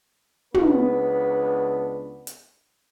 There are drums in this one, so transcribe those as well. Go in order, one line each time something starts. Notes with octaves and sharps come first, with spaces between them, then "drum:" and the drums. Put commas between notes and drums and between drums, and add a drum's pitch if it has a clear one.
C#2 B3 D4 B4, drum: tom
drum: hi-hat